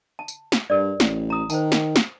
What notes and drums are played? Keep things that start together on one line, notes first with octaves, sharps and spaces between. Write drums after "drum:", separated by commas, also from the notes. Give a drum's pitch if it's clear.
A5
drum: tambourine
drum: snare
G2 A#4 D5
A1, drum: snare
A#5 D#6
D#3 C5 A5, drum: tambourine
drum: snare
drum: snare